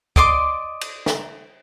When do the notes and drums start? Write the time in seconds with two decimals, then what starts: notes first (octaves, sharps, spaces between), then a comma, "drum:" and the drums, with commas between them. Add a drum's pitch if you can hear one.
0.16 D5 D#5 C6 D6, drum: kick
0.81 drum: cymbal
1.06 drum: snare